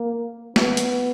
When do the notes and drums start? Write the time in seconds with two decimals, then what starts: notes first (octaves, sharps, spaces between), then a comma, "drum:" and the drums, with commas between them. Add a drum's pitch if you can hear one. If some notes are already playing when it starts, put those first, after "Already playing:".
Already playing: A#3
0.56 B3, drum: snare
0.77 drum: hi-hat